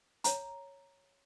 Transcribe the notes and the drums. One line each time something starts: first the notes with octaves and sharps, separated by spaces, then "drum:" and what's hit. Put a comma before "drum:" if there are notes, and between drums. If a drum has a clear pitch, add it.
C#5 A#5, drum: hi-hat